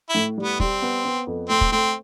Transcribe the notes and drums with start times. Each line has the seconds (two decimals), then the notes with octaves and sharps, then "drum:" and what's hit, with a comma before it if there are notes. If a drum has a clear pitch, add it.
0.09 E4
0.15 A2
0.38 G3
0.43 B3
0.60 G3 C4, drum: kick
0.82 B3
1.05 B3
1.27 F2
1.49 A3 C4
1.61 drum: kick
1.72 A3 C4